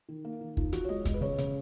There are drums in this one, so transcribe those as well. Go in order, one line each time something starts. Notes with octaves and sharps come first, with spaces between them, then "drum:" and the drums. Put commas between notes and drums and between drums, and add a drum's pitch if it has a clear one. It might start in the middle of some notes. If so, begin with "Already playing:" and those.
D#3
A#3
D#3
F3 D#4, drum: kick
F3 F#4, drum: hi-hat
C#5
G#3 D#5
G#3, drum: kick, hi-hat
B4
C#3 C#5
C#3, drum: hi-hat